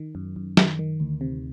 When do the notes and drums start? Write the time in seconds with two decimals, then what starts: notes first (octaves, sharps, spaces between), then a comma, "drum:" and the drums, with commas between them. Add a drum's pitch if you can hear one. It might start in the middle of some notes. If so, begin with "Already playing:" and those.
Already playing: D#3
0.15 F#2
0.36 F#2
0.57 D#3, drum: snare
0.79 D#3
1.00 D2
1.21 C3